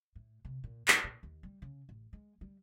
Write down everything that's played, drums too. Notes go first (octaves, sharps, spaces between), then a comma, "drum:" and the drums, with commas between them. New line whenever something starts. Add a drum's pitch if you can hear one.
A2
C3
A#2
G2, drum: clap
A#2
D#2
G3
C#3
A1
G#3
G3